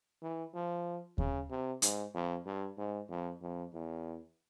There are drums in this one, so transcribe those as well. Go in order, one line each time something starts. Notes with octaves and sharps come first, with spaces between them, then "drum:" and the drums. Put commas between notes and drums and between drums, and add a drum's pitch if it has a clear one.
E3
F3
C#3, drum: kick D#2
C3
G#2, drum: hi-hat
F2
G2
G#2
F2
F2
E2